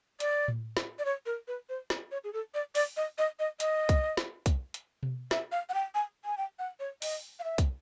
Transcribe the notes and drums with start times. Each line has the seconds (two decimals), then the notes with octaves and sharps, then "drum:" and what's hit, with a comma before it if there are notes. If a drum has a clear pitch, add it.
0.20 D5, drum: hi-hat
0.48 drum: tom A2
0.77 drum: snare
0.99 D5
1.05 C#5
1.26 A#4
1.48 B4
1.69 C5
1.90 drum: snare
2.11 C#5
2.24 G#4
2.33 A4
2.54 D5
2.75 D5, drum: open hi-hat
2.97 D#5
3.18 D#5
3.39 D#5
3.60 D#5, drum: hi-hat
3.89 drum: kick, hi-hat
4.17 drum: snare
4.46 drum: kick, hi-hat
4.74 drum: hi-hat
5.03 drum: tom B2
5.31 E5, drum: snare
5.52 F5
5.69 F#5
5.74 G5
5.95 G#5
6.25 G#5
6.38 G5
6.59 F#5
6.80 C#5
7.02 D#5, drum: open hi-hat
7.39 F5
7.44 E5
7.58 drum: kick, hi-hat